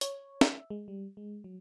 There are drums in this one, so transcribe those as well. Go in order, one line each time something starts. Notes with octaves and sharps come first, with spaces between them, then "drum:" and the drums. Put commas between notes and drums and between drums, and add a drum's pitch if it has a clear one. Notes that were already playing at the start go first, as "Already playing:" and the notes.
C#5, drum: hi-hat
E5, drum: snare
G#3
G3
G#3
F#3